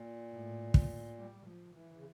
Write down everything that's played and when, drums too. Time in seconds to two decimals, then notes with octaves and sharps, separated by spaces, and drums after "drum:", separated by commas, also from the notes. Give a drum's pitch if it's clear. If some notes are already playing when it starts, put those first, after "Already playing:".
Already playing: A#2
0.31 A2
0.74 drum: kick
1.18 G3
1.47 F3
1.76 E3
1.96 C#3